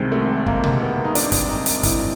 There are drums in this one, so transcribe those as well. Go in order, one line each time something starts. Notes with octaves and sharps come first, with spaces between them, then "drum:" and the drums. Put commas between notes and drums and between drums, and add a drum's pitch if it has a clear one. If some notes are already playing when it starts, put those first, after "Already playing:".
Already playing: C2 C3 D#3 G#3 C4
A3
A#3, drum: kick
drum: tom B2
B3
D#4
D4, drum: hi-hat
drum: kick, hi-hat
D#4
drum: hi-hat
E4, drum: kick, hi-hat